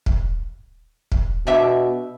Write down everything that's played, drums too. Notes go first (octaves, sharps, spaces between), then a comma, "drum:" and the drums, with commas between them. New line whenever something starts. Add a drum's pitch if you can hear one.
drum: kick
drum: kick
B2 D4 G4 E5